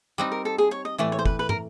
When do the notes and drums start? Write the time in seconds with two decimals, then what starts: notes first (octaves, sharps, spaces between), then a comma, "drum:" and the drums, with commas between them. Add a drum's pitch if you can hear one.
0.18 G3 C4 D#4 B4
0.32 A#4
0.45 A4
0.58 G#4
0.71 C#5
0.85 D#5
0.98 A2 E3 A3 D5
1.12 C#5
1.19 C5
1.26 B4, drum: kick
1.39 B4
1.49 A#4, drum: tom